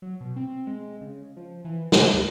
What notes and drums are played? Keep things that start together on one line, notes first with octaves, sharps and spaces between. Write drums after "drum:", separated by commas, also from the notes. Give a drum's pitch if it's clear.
F#3
B2
C4
G#3
C#3
F3
E3
C#3, drum: snare
D2